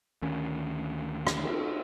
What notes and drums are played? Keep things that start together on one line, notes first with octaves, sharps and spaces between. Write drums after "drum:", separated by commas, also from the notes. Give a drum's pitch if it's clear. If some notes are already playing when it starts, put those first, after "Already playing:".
D2 D#3 C#4
drum: rim click
drum: cymbal